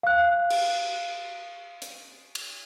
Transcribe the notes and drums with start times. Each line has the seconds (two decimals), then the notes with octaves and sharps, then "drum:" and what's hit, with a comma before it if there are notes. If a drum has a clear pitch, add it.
0.03 F5 F#6
0.50 drum: cymbal
1.82 drum: hi-hat
2.35 drum: cymbal